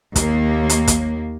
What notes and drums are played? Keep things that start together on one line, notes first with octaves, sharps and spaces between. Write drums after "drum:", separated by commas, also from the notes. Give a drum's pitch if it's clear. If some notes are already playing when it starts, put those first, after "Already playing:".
D#2 A#3, drum: kick, hi-hat
drum: hi-hat
drum: kick, hi-hat